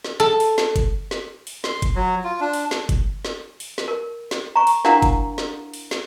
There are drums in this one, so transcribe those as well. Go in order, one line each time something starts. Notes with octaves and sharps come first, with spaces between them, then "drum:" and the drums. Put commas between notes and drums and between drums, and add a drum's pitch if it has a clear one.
drum: snare
A4
drum: open hi-hat
drum: snare
drum: kick F#1, hi-hat
drum: snare
drum: open hi-hat
C6, drum: snare
drum: kick F#1, hi-hat
F#3
F4
D4
drum: open hi-hat
drum: snare
drum: kick F#1, hi-hat
drum: snare
drum: open hi-hat
drum: snare
A#4
drum: snare
A#5 C#6
drum: open hi-hat
D4 E4 A#4 F5 F#5 A#5, drum: snare
drum: kick F#1, hi-hat
drum: snare
drum: open hi-hat
drum: snare